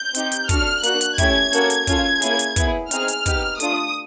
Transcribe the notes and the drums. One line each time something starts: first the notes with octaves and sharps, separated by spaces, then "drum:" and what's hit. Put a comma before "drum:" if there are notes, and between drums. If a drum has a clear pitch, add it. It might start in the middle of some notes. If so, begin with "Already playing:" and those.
Already playing: G6
C4 D#4 G4, drum: hi-hat
drum: hi-hat
D4 F#4 A4 F6, drum: kick, hi-hat
A#3 D4 F#4 F#6, drum: hi-hat
drum: hi-hat
A3 C#4 E4 G4 G#6, drum: kick, hi-hat
A#3 C#4 F#4 A4, drum: hi-hat
drum: hi-hat
C#4 F4 A4 G#6, drum: kick, hi-hat
A#3 C#4 E4 G#4, drum: hi-hat
drum: hi-hat
B3 E4 G#4, drum: kick, hi-hat
C4 D#4 G#4 F6, drum: hi-hat
drum: hi-hat
B3 D#4 G4, drum: kick, hi-hat
A3 D4 F4 D#6, drum: hi-hat